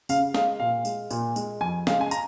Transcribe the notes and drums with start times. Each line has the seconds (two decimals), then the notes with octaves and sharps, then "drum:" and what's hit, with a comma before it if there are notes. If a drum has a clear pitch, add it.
0.09 C#3 F5, drum: tambourine
0.34 G#3 F5, drum: snare
0.59 A#2 F5
0.85 G#3, drum: tambourine
1.11 A#2, drum: tambourine
1.36 G#3, drum: tambourine
1.61 F2 G#5
1.87 C#3 G#3 F5, drum: snare
2.01 G#5
2.11 A#5, drum: tambourine